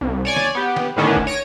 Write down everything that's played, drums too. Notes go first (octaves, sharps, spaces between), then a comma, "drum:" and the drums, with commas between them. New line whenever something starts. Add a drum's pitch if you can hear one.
C2
C#5 D5 G#5
drum: snare
B3 G4
drum: snare
A2 D3 D#3 B3 C#4 D4
drum: kick
C#5 A#6 D7 D#7